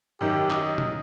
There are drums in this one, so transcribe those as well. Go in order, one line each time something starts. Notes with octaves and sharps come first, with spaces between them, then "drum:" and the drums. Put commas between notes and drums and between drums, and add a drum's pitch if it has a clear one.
F#2 D#3 G4
D#5, drum: clap
drum: tom B2